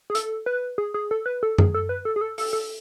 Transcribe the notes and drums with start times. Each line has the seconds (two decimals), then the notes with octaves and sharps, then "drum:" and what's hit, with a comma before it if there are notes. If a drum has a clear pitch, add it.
0.10 G#4
0.15 A4, drum: hi-hat
0.46 B4
0.78 G#4
0.94 G#4
1.11 A4
1.26 B4
1.43 A4
1.58 G#4, drum: tom F#2
1.74 A4
1.89 B4
2.05 A4
2.16 G#4
2.21 A4
2.38 A4, drum: open hi-hat
2.53 A4